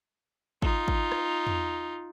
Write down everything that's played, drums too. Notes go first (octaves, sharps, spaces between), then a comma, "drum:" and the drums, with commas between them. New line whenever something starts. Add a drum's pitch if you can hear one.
D#4 F4, drum: kick G#1
drum: kick G#1
drum: rim click
drum: tom E2